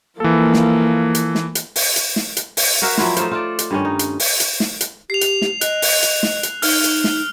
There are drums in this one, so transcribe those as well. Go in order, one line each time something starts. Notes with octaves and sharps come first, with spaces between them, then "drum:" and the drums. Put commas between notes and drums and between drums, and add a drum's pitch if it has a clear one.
E3 F3 A#3 A4
drum: snare
drum: hi-hat
drum: snare
drum: hi-hat
drum: open hi-hat
drum: hi-hat
drum: snare
drum: hi-hat
drum: open hi-hat
F#4 A#4 E5 F5
F3 F#3 E4 F4, drum: snare
A3 D#4 F4 C5, drum: hi-hat
F4 A4 D5
drum: hi-hat
G2 D#3 C#4
D#4
drum: hi-hat
drum: open hi-hat
drum: hi-hat
drum: snare
drum: hi-hat
G4 C7 F7
drum: hi-hat
drum: snare
D#5 F#6, drum: hi-hat
drum: open hi-hat
drum: hi-hat
drum: snare
drum: hi-hat
D#4 F6, drum: open hi-hat
drum: hi-hat
drum: snare